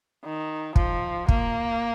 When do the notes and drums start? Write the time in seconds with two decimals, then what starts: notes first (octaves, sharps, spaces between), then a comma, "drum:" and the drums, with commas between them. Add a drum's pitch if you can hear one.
0.24 D#3
0.76 F3, drum: kick
1.29 A#3, drum: kick